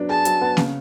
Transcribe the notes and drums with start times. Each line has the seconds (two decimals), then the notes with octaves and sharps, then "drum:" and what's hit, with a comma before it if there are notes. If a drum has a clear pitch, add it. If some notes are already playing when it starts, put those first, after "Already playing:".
Already playing: F#3 B3 D4
0.09 G#4 A5
0.25 F#3, drum: hi-hat
0.41 B3
0.57 C#3, drum: snare A#3